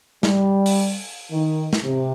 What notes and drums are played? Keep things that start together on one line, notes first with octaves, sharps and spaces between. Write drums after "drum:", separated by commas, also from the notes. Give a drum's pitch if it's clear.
G3, drum: snare
drum: open hi-hat
D#3
drum: snare
C3